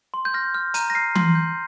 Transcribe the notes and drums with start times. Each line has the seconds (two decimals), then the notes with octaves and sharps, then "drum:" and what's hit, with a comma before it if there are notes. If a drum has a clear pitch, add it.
0.14 C6
0.25 G6
0.34 F6 A#6
0.55 F6
0.74 A#5 D#7, drum: hi-hat
0.90 A#6
0.95 F6 C7
1.15 C6, drum: tom E3
1.35 G6